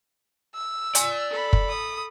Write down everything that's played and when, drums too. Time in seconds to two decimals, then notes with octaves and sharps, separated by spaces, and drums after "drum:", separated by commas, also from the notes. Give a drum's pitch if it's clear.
0.54 E6
0.95 D5 G#5, drum: hi-hat
1.30 A4 B5
1.53 drum: kick
1.69 D#6